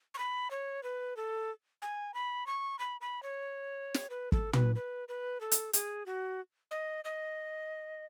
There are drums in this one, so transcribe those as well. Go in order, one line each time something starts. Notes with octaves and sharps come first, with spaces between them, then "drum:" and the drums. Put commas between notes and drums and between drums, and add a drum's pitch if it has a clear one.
C#6
B5
C#5
B4
A4
G#5
B5
C#6
B5
B5
C#5
drum: snare
B4
A4, drum: kick
B4, drum: tom
B4
B4
A4
drum: hi-hat
G#4, drum: hi-hat
F#4
D#5
D#5